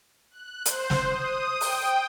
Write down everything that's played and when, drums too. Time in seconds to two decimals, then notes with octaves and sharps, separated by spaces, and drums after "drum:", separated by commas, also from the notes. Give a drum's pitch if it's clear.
0.31 F#6
0.65 C5, drum: hi-hat
0.90 drum: snare
1.07 D#6
1.61 G5, drum: open hi-hat